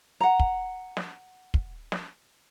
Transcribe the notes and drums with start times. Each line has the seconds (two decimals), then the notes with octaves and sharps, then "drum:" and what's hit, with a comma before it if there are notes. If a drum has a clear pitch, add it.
0.20 F#5 A#5
0.40 drum: kick
0.97 drum: snare
1.54 drum: kick
1.92 drum: snare